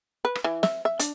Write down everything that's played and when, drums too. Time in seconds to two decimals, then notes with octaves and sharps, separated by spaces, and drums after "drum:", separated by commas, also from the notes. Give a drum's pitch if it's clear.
0.25 B4
0.35 drum: rim click
0.44 E3
0.63 E5, drum: snare
0.85 E5
1.00 D4, drum: hi-hat